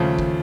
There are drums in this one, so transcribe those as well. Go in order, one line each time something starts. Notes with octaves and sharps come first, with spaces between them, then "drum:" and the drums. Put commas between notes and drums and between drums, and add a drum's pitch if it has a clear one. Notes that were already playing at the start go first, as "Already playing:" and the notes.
Already playing: D#2 C#3 F3 A3
drum: kick G1